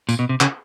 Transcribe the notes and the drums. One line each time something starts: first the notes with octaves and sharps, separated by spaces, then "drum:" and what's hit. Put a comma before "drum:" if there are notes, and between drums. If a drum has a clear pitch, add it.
A#2, drum: tambourine
B2
C3
C#3, drum: clap